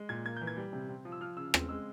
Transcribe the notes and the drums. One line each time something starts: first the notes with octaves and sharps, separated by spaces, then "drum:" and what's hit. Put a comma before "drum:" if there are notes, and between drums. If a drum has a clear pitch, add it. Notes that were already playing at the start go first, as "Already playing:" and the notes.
Already playing: G#3
A#2 G#6
A#3 G#6
E3 G6
G#6
G3
C3
C4
F3
E6
F3 F6
C#3 E6
C4, drum: rim click
G#3 E6